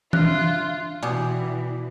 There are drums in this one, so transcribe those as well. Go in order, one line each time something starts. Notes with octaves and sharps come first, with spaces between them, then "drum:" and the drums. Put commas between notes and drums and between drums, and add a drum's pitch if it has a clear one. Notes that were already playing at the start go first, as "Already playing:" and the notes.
D4 F4 E5 F5 F6 F#6, drum: tom
B2 E3 G4 D5 G#5